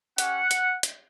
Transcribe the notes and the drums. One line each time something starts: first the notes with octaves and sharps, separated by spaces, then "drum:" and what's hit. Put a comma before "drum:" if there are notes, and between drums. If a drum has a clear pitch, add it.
C#4 G4 F#5, drum: hi-hat
drum: hi-hat
drum: hi-hat